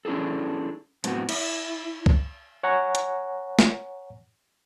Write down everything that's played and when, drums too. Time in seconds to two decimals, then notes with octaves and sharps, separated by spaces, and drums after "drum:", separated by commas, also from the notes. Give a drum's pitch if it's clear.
0.05 C#4 D4 E4 G#4 A4
1.04 F#2 A2 B3 C4 F#4, drum: hi-hat
1.29 E4, drum: cymbal
2.06 drum: kick
2.63 C#5 F#5 G#5 A#5 C#6
2.95 drum: hi-hat
3.59 drum: snare